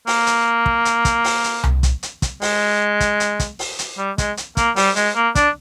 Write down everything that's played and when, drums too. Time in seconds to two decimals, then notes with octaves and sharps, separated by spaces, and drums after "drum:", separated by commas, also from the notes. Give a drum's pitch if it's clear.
0.07 A#3, drum: open hi-hat
0.27 drum: hi-hat
0.66 drum: kick
0.85 drum: hi-hat
1.05 drum: kick, hi-hat
1.24 drum: open hi-hat
1.44 drum: hi-hat
1.64 drum: tom C2
1.83 drum: kick, hi-hat
2.03 drum: hi-hat
2.22 drum: kick, hi-hat
2.42 G#3, drum: open hi-hat
3.00 drum: kick, hi-hat
3.20 drum: hi-hat
3.40 drum: kick, hi-hat
3.59 drum: open hi-hat
3.79 drum: hi-hat
3.98 G3
4.18 G#3, drum: kick, hi-hat
4.37 drum: hi-hat
4.57 A#3, drum: kick, hi-hat
4.76 G3, drum: open hi-hat
4.96 G#3, drum: hi-hat
5.15 A#3
5.35 D4, drum: kick, hi-hat